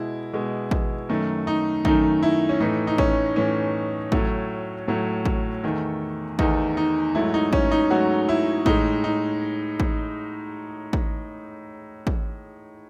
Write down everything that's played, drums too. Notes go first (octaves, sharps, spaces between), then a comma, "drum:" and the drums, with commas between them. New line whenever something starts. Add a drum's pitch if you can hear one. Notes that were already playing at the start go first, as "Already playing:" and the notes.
Already playing: B2 G#3 E4
B2 G#3
drum: kick
F#2 D#3 A3
D#4
F#2 D#3 A3 D#4, drum: kick
E4
C#4
A2 E3 A3 D#4
D#4
C#4, drum: kick
A2 E3 A3 C#4
A2 F#3 A3, drum: kick
A2 F#3 A3
drum: kick
E2 D#3 A3
E2 D#3 A3 D#4, drum: kick
D#4
G#2 F#3 A3 E4
D#4
C#4, drum: kick
D#4
G#2 F#3 A3 F#4
E4
A2 G#3 D#4, drum: kick
D#4
drum: kick
drum: kick
drum: kick